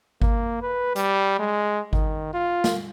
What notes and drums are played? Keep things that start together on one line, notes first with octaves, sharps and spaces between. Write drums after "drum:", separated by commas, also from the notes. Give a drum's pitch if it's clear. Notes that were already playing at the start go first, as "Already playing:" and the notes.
A#3, drum: kick G#1
B4
G3, drum: hi-hat
G#3
D#3, drum: kick G#1
F4
drum: snare